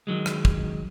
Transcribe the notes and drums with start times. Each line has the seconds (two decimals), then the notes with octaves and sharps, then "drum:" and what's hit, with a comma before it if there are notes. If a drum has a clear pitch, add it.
0.07 D#3 F#3 G#3
0.26 drum: rim click
0.45 drum: kick